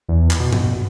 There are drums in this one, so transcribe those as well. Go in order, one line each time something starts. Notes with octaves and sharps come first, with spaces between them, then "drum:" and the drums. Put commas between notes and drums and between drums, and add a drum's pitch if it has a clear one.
E2
drum: clap
B2
drum: tom G2